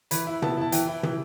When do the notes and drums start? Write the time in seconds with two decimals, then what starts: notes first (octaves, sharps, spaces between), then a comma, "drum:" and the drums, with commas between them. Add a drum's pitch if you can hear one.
0.11 E3 B5, drum: hi-hat
0.27 E4
0.42 B3 A5, drum: tom
0.57 E4 A5
0.72 E3 G5, drum: hi-hat
0.88 E4
1.03 E3, drum: tom